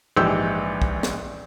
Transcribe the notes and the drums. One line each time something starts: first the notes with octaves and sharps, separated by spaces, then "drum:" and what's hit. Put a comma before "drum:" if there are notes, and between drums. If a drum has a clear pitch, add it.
A#1 G#2 E3 G4 E6 G6
drum: kick
drum: snare